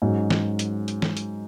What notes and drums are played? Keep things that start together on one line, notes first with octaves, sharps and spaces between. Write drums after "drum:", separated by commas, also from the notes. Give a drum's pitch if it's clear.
G#2 F#3 C#4
drum: snare E3
drum: hi-hat
drum: hi-hat
drum: snare E3
drum: hi-hat